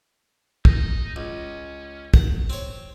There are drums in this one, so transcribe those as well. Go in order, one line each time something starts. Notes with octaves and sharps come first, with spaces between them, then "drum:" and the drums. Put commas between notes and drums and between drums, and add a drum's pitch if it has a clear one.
D#4, drum: kick
C#2 C#4
F#5, drum: kick
C4 C#5